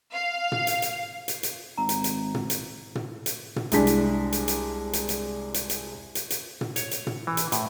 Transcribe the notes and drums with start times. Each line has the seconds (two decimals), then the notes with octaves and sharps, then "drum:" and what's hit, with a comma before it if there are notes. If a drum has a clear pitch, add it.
0.13 F5
0.52 drum: tom
0.67 drum: hi-hat
0.82 drum: hi-hat
1.28 drum: hi-hat
1.43 drum: hi-hat
1.78 G#1 A#5
1.89 drum: hi-hat
2.04 drum: hi-hat
2.34 drum: tom
2.50 drum: hi-hat
2.95 drum: tom
3.26 drum: hi-hat
3.56 drum: tom
3.72 C2 G#3 D4 B6, drum: hi-hat
3.87 drum: hi-hat
4.32 drum: hi-hat
4.48 drum: hi-hat
4.93 drum: hi-hat
5.09 drum: hi-hat
5.54 drum: hi-hat
5.70 drum: hi-hat
6.15 drum: hi-hat
6.30 drum: hi-hat
6.61 drum: tom
6.76 C#5, drum: hi-hat
6.91 drum: hi-hat
7.07 drum: tom
7.27 E3
7.37 drum: hi-hat
7.52 A2, drum: hi-hat